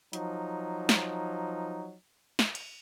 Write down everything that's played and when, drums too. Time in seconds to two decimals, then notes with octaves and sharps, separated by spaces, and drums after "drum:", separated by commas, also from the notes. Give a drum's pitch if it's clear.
0.13 F3 F#3 D#4, drum: hi-hat
0.89 drum: snare
2.39 drum: snare
2.55 drum: cymbal